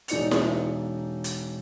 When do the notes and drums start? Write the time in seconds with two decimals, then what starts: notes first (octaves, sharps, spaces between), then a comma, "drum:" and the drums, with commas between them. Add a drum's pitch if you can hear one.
0.08 E1 D#4 D5 C#7 F7, drum: hi-hat
0.31 drum: snare E4
1.24 drum: hi-hat